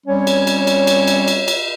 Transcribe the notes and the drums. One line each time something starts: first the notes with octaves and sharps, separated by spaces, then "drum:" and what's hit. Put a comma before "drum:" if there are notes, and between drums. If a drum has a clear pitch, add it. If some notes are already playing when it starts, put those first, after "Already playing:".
G3 C4 C#4 C#5
drum: cymbal
drum: cymbal
drum: cymbal
drum: cymbal
drum: cymbal
drum: cymbal
drum: cymbal